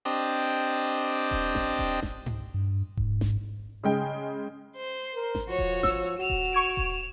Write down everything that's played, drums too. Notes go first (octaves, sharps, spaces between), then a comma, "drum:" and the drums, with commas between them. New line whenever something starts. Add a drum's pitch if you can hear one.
C4 D4 G4 D#5
drum: kick D#1
drum: snare G#1
drum: kick D#1
drum: snare G#1
drum: tom G#2
G2
G#2, drum: kick D#1
drum: snare G#1
C#3 G#3 G5
C5
A#4
drum: snare G#1
F3 F#4 C#5
drum: kick D#1
E6, drum: snare G#1
F#4 E7 F7
drum: kick D#1
C#6 G#6 D7
drum: kick D#1